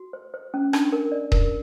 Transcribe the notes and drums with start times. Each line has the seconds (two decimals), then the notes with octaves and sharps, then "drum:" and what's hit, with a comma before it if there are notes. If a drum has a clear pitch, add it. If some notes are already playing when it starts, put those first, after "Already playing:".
Already playing: F#4
0.13 C5
0.34 C5
0.54 C#4
0.73 D4, drum: rim click
0.92 A#4
1.12 D5
1.32 A#4, drum: kick D#1